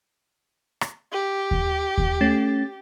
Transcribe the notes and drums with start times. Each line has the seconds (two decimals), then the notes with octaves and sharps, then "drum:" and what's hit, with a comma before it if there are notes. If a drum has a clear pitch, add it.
0.81 drum: rim click
1.12 G4
1.51 drum: kick D#2
1.98 drum: kick D#2
2.21 A3 C#4 A6